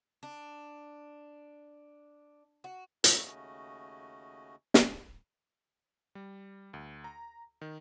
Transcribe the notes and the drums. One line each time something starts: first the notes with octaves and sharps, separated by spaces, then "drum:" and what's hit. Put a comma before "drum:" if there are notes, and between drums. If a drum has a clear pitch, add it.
D4
F#4
D#2 C#3 A3 C#4 F#4 D#5, drum: hi-hat
drum: snare
G3
D2
A#5
D#3